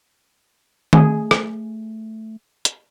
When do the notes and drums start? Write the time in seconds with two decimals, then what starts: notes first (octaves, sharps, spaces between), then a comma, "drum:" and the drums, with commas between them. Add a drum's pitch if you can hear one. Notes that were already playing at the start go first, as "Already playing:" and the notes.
0.93 A3 G#4, drum: tom D#3
1.31 drum: rim click
2.65 drum: hi-hat